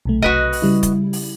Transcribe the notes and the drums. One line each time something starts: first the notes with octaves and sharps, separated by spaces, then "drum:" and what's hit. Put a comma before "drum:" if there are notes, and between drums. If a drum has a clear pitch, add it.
B1 C3 A3
F#4 B4 D#5, drum: kick
drum: open hi-hat
C#3 G3 E4
drum: kick, hi-hat
drum: open hi-hat